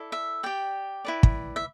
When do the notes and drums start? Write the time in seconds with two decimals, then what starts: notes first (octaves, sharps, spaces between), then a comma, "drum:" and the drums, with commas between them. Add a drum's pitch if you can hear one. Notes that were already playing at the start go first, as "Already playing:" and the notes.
Already playing: E4 A4 D5
0.12 E5
0.43 G4 D5 G5
1.05 E4 B4 D5
1.23 drum: kick
1.56 E5